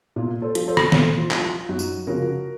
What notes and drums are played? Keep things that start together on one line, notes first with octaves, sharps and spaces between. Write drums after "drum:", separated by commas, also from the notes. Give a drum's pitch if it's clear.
A#2 F4
A4 C5
F3, drum: hi-hat
A4 C5
drum: rim click
A#2 A4 C5, drum: snare
F4
F3, drum: clap
F4
F#2 D#4 F#4
drum: tambourine
C#3 F3 F#4 A#4